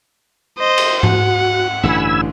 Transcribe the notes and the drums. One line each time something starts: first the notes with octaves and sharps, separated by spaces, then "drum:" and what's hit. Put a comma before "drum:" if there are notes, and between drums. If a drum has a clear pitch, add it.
C5 D#5
drum: cymbal
F#4 F#5, drum: tom G#2
A1 G2 D3 G#5 B5 E6